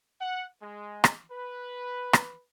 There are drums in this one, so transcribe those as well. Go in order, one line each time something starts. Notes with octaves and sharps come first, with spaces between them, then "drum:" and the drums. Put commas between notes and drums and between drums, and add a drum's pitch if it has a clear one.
F#5
G#3
drum: rim click
B4
drum: rim click